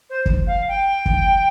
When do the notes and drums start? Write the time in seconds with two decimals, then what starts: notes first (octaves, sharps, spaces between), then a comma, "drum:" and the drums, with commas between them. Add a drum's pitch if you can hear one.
0.10 C5
0.26 drum: kick
0.47 F5
0.68 G5
1.06 drum: kick